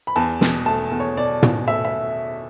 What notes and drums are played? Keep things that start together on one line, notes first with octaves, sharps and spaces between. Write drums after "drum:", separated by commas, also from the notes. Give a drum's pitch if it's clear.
B5
E2 A5
B2, drum: snare
A3 A5
E2
C#5
B2 D5
B2, drum: tom
A3 E5
E5